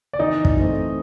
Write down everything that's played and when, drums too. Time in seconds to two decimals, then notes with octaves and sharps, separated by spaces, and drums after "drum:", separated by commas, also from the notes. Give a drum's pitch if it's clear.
0.13 D5
0.19 E3 D#4 D#5
0.45 drum: kick
0.57 A3 C4 D#4